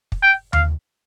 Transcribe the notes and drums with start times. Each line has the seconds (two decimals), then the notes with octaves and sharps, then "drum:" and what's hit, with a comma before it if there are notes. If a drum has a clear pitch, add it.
0.12 drum: kick
0.23 G5
0.53 F5, drum: tom D#2